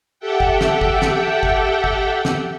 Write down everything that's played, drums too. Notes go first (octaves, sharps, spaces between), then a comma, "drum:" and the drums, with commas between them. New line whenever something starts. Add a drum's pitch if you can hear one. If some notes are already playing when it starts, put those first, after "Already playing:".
G4 A4 E5 F#5 G5
drum: kick
drum: snare
drum: kick
drum: snare
drum: kick
drum: kick
drum: snare